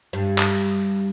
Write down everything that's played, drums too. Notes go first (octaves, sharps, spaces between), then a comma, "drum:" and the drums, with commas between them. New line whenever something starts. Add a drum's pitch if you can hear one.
G2
drum: clap